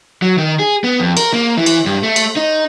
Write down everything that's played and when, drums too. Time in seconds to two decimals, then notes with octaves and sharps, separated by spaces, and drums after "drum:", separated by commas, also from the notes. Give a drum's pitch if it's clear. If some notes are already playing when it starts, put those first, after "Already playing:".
0.22 F#3
0.38 D#3
0.59 G#4
0.84 B3
1.00 F2
1.17 A#4, drum: cymbal
1.34 A#3
1.57 E3
1.66 drum: cymbal
1.86 G2
2.03 A3
2.16 drum: cymbal
2.37 D#4